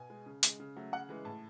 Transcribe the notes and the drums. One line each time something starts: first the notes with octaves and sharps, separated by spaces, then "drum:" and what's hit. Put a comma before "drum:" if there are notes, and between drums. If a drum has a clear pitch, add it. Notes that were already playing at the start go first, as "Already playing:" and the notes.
Already playing: B2 G#5
G#3
C#3
G#3, drum: hi-hat
C#3
F#3 A3
C#3 F#5
E3 G#3
A2 A5